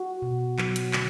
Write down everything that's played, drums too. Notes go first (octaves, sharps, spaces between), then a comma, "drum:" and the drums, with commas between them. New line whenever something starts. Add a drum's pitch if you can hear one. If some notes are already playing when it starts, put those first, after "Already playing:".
Already playing: F#4
B2
F#3, drum: clap
drum: hi-hat
D3, drum: clap